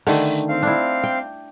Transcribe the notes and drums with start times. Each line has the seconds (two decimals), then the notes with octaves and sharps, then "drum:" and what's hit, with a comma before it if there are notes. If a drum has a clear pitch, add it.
0.07 D3 D#3 A3, drum: open hi-hat
0.49 C4 F5
0.63 D4 E4
1.04 G5